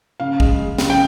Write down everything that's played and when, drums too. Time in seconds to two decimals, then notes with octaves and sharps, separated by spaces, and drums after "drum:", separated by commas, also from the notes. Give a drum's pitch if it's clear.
0.20 C#3 F5
0.40 G#3, drum: kick
0.59 G#3
0.78 C#3, drum: snare
0.90 G5